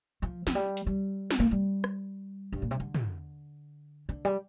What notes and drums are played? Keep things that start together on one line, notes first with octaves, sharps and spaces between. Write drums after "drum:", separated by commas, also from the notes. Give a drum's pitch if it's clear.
F3
F3, drum: snare
G3
drum: hi-hat
G3
drum: snare
A#3
G3
drum: rim click
G2
A#2
C3
D3
drum: tom
D3
G3